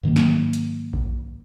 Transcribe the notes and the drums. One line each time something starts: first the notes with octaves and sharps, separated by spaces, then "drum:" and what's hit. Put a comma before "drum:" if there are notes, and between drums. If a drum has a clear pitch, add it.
G#2 D#3 F#3 A#3
drum: snare
drum: hi-hat
drum: kick A1